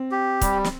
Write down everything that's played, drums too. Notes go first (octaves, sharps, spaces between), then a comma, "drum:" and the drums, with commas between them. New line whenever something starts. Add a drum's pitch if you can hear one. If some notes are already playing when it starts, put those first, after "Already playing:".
Already playing: C4
G4
G3, drum: kick, hi-hat
drum: snare